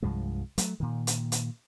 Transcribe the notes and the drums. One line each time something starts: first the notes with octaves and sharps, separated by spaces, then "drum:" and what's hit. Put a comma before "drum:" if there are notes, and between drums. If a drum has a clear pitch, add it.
C2 G2 F3 G#3
F#3 A3, drum: hi-hat
A#2 D#3
drum: hi-hat
drum: hi-hat